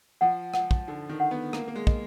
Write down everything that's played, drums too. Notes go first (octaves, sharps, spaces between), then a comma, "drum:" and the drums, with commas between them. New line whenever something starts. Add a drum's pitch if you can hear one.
F3 F#5
F#5, drum: rim click
drum: kick
D3 D#4
D#3
F#5
B3
A#3 A#5, drum: rim click
A#3
G#3
D#5, drum: kick